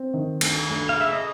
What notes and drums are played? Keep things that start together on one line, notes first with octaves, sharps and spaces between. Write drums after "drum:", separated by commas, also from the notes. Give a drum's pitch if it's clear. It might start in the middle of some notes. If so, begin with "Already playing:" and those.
Already playing: C4
D#3
D2, drum: cymbal
D2
F5
C#3 E5
D#5